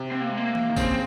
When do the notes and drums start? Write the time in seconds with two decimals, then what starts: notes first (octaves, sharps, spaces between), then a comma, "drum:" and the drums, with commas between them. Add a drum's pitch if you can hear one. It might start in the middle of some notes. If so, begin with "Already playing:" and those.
Already playing: C3
0.12 C4
0.21 A#3
0.29 G#3
0.37 A#3
0.55 drum: tom E3
0.69 D#3
0.76 C#3 C4, drum: kick G#1, tambourine